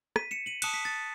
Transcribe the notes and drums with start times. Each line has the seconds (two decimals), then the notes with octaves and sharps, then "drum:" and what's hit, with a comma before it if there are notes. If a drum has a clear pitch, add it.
0.16 B6 D#7, drum: rim click
0.31 C#7 E7
0.46 D#7 F#7
0.62 A5 D#6 F#6 C#7 E7, drum: cymbal
0.74 B6
0.85 A6